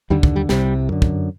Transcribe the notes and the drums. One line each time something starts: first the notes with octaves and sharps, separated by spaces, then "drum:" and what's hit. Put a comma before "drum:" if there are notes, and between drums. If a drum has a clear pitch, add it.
D#2 D3 G3
drum: kick
G3
C2 C3 G3, drum: snare
F#2 D3
drum: kick